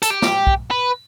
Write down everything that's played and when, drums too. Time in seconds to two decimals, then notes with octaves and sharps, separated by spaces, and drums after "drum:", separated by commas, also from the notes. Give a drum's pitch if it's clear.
0.02 A4, drum: hi-hat
0.10 G4
0.22 drum: snare
0.47 drum: kick
0.71 B4